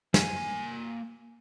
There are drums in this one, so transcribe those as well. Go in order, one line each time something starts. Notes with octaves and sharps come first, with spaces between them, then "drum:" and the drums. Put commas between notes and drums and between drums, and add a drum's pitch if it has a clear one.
A#3 G#5, drum: snare